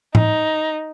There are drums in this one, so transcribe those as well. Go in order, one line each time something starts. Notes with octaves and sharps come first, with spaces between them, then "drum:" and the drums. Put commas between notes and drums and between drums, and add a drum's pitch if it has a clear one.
D#4, drum: tom A2